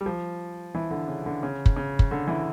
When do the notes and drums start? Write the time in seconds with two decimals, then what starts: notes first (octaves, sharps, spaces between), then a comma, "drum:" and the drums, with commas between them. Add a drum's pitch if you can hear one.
0.01 G3
0.06 F3
0.75 E3
0.91 D3
1.08 C#3
1.26 D3
1.43 C#3
1.66 drum: kick
1.76 C#3
1.99 drum: kick
2.11 D3
2.27 E3